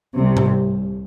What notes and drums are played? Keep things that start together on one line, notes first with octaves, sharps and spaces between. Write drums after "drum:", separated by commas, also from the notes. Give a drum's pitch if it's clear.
C2 C3
drum: tom G#2